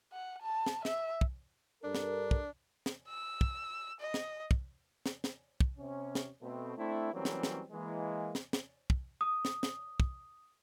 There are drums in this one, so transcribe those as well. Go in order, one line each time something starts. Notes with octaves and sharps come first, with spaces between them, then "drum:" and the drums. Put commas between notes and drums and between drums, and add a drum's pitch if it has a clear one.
F#5
A5
drum: snare
E5, drum: snare
drum: kick
G2 D4 A4 A#4
drum: snare
drum: kick
drum: snare
E6
drum: kick
D#5
drum: snare
drum: kick
drum: snare
drum: snare
drum: kick
C3 C#4
drum: snare
B2 A3 C4
A3 C4 D4 E4
E3 F#3 G3 A#3 C4 C#4
drum: snare
drum: snare
E3 G#3 A#3
drum: snare
drum: snare
drum: kick
D#6
drum: snare
drum: snare
drum: kick